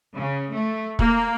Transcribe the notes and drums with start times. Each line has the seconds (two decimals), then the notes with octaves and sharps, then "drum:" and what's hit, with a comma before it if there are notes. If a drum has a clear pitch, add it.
0.16 C#3
0.52 A3
0.99 A#3, drum: kick